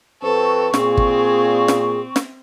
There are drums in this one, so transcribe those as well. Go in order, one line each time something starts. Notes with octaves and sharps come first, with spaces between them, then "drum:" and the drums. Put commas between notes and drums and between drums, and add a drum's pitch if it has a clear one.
F2 C4 A4 B4 C#6
A#2 C4 G#4, drum: snare
drum: kick
drum: snare
drum: snare